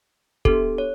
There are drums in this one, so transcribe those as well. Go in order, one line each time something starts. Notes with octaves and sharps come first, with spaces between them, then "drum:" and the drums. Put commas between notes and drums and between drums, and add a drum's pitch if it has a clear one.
B3 D4 G4 A4, drum: kick
C#5